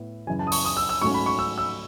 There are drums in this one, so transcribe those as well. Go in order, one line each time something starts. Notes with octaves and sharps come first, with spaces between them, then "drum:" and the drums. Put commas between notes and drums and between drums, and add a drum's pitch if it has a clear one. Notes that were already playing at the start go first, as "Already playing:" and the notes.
Already playing: A2 B3
F#2 C#3 E3 G#5
A5
D#6
C#6, drum: open hi-hat
D#6
E6
E6
G#2 F#3 A3 C#4 C#6
B5
C#6
E6
E6